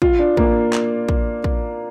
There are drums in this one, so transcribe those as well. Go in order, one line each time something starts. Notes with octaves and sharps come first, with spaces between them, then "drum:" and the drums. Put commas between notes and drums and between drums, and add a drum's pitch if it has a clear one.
F4, drum: kick
D4
A#3, drum: kick
drum: clap
drum: kick
drum: kick